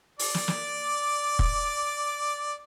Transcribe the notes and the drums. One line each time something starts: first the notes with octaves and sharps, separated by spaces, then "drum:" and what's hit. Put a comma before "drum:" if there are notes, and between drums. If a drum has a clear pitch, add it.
D5 D6, drum: open hi-hat
drum: snare
drum: snare
drum: kick